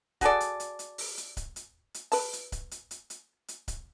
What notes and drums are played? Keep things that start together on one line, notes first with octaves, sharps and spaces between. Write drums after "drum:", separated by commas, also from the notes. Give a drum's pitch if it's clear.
F#4 G#4 A4 D5, drum: kick C#1, hi-hat
drum: hi-hat
drum: hi-hat
drum: hi-hat
drum: open hi-hat
drum: hi-hat
drum: kick C#1, hi-hat
drum: hi-hat
drum: hi-hat
B4 A5, drum: open hi-hat
drum: hi-hat
drum: kick C#1, hi-hat
drum: hi-hat
drum: hi-hat
drum: hi-hat
drum: hi-hat
drum: kick C#1, hi-hat